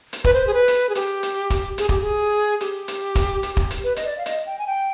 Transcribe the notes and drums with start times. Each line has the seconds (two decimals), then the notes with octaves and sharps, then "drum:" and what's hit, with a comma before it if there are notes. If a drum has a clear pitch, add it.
0.13 drum: hi-hat
0.24 B4, drum: kick
0.33 C5
0.47 G#4
0.54 B4
0.68 drum: hi-hat
0.89 G#4
0.95 G4, drum: hi-hat
1.23 drum: hi-hat
1.50 drum: kick, hi-hat
1.78 G#4, drum: hi-hat
1.89 G4, drum: kick
2.01 G#4
2.61 G4, drum: hi-hat
2.88 drum: hi-hat
3.15 drum: kick, hi-hat
3.43 drum: hi-hat
3.57 drum: kick
3.70 drum: hi-hat
3.84 B4
3.96 D#5, drum: hi-hat
4.05 D5
4.18 F5
4.26 D#5, drum: hi-hat
4.46 G5
4.58 G#5
4.67 G5